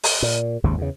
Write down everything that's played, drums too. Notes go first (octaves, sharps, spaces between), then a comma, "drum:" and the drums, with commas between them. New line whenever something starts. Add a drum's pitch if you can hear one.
drum: open hi-hat
A#2
G#1 D#2 G#2 C#3
E2 C#3